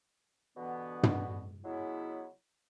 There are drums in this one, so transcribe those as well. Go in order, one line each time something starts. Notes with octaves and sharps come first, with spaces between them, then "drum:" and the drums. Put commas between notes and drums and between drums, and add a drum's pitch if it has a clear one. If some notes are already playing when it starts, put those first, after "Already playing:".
G2 B2 D3 E3 B3
drum: tom
C#3 F#3 G#3 B3 E4